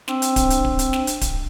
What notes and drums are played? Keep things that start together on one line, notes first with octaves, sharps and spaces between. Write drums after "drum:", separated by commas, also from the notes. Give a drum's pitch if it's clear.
C4 D4 C5 G5 E6, drum: snare
drum: hi-hat
drum: kick D1, hi-hat
drum: hi-hat
drum: kick D1
drum: hi-hat
drum: snare
drum: hi-hat
drum: kick D1, hi-hat